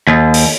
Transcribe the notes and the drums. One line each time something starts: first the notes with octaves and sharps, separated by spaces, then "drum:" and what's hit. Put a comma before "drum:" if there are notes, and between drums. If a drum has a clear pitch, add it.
D#2
drum: open hi-hat